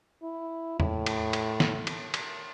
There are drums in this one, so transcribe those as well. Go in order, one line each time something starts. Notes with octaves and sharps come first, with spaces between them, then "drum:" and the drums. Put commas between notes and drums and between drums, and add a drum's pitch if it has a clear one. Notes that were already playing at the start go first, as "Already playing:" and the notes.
E4
A2, drum: tom E2
drum: cymbal
drum: cymbal
drum: snare
drum: cymbal
drum: cymbal